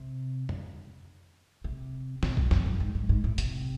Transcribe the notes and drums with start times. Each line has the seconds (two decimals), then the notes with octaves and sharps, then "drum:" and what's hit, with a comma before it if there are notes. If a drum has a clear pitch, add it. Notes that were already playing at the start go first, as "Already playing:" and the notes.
Already playing: C3
0.49 drum: tom F2
1.64 C3
2.23 B2, drum: snare
2.37 F#2, drum: kick
2.51 F2, drum: snare
2.66 F#2
2.80 G#2
2.95 G#2
3.09 G#2
3.24 A2
3.38 C3, drum: hi-hat